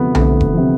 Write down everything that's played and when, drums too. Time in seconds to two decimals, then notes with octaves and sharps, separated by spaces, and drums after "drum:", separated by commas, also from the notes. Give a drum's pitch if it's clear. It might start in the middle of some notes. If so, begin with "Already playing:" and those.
Already playing: D2 C3 F3 A3 B3
0.15 D2 A3, drum: tom B1
0.41 drum: kick F1
0.53 C3 F3